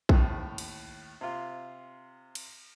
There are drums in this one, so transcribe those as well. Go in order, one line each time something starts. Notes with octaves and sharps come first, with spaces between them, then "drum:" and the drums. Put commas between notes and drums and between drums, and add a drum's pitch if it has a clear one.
D#2 A2, drum: kick A#1
drum: cymbal
C3 F4
drum: cymbal